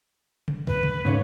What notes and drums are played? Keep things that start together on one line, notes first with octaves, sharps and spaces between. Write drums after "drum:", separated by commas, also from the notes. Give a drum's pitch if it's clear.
drum: tom C3
B4, drum: kick
drum: tom C3
G#2 C#3 A3 C#5